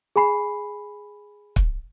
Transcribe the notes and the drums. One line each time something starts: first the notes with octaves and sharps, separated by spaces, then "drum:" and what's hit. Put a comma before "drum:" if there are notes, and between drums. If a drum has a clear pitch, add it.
G#4 G#5 B5 C7
drum: kick